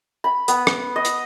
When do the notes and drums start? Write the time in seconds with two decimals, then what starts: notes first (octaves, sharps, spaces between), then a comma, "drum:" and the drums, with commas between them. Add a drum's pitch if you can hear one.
0.24 B5
0.48 B3, drum: hi-hat
0.67 drum: rim click
0.96 D#5
1.05 drum: hi-hat